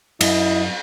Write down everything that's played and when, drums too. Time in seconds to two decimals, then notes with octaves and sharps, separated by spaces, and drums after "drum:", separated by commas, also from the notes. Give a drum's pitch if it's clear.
0.21 F#2 E4 D#5, drum: cymbal